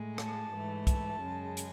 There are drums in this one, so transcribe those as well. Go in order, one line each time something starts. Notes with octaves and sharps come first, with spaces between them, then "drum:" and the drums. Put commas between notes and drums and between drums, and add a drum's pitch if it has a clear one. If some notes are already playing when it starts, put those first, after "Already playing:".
Already playing: A2 G#3
A5, drum: rim click
G#2 E3 A3
A5, drum: kick, hi-hat
F#2 C#3 G#3
drum: hi-hat